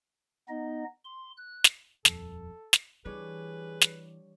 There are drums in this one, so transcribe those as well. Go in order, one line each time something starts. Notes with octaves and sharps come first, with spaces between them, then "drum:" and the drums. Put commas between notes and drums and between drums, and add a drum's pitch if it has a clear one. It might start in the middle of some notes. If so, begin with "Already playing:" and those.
B3 D#4 D#5
C6
F#6
drum: snare
D#1 F2 A4, drum: snare
drum: snare
E3 G3 D4 G#4 B4 C#5
drum: snare